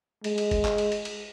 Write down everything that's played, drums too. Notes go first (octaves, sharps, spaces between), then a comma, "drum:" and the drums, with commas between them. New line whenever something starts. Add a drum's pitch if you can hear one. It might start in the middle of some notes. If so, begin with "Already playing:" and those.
G#3, drum: cymbal
drum: cymbal
drum: kick F#1, cymbal
drum: clap
drum: cymbal
drum: cymbal
drum: cymbal